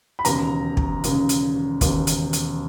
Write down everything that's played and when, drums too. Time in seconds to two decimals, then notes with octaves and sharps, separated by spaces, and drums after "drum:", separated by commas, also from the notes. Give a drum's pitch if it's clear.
0.19 B5
0.25 E1 D#2 C#3 A#5, drum: hi-hat
0.77 drum: kick
1.04 E1 D#2 C#3, drum: hi-hat
1.29 drum: hi-hat
1.81 E1 D#2 C#3, drum: kick, hi-hat
2.07 drum: hi-hat
2.33 drum: hi-hat